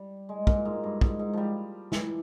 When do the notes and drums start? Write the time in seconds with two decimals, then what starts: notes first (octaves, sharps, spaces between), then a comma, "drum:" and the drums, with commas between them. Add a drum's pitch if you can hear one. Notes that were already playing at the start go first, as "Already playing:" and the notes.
Already playing: G3
0.29 G#3
0.47 A#2, drum: kick
0.65 G#2
0.84 G2
1.01 G#2, drum: kick
1.19 G#2
1.33 F3 G3
1.92 E3, drum: snare